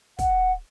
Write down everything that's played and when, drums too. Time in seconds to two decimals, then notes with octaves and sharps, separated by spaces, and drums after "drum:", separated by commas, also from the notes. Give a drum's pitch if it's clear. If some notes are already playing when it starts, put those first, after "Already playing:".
0.19 F#5, drum: kick, hi-hat